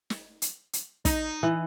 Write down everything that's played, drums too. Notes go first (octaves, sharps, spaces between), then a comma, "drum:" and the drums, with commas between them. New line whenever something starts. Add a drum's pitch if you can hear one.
drum: snare
drum: hi-hat
drum: hi-hat
D#4, drum: kick, hi-hat
E3